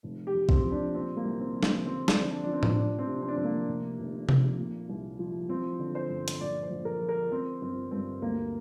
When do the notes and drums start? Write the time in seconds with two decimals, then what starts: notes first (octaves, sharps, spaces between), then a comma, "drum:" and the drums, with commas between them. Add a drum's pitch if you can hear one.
0.03 F1
0.27 G4
0.34 F2
0.49 C4, drum: kick
0.64 F2
0.71 D4
0.94 A#2 C4
1.17 A#3
1.25 C2
1.40 C4
1.55 F3
1.63 A#3, drum: snare
1.85 D3 C4
2.08 D4, drum: snare
2.16 F2
2.31 D4
2.44 F3 D4
2.53 C4
2.63 drum: tom A2
2.76 F1 D4
2.99 C4
3.07 C3
3.22 C4
3.28 D4
3.36 F2 C4
3.44 A#3
3.68 F1
3.98 F1
4.29 F2, drum: tom C3
4.59 A#2
4.89 C2
5.19 F3
5.49 F3 C4
5.79 D3
5.95 C5
6.09 G1
6.28 drum: hi-hat
6.41 A#1 D5
6.63 C5
6.70 A#1
6.85 A#4
7.01 F3
7.09 A#4
7.31 F3 C4
7.61 G1 C4
7.91 G2 C4
8.22 D2 A#3